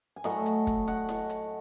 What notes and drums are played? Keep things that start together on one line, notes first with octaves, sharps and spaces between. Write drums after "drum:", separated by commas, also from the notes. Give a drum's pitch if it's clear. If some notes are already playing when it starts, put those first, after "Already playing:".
G#5
A2 F#3 A3 D#5 F#5, drum: snare E4
drum: hi-hat
drum: kick, hi-hat
D#5 F#5, drum: hi-hat
drum: snare E4
drum: hi-hat